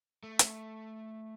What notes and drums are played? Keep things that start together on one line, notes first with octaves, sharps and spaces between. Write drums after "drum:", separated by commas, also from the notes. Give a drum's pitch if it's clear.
A3
drum: hi-hat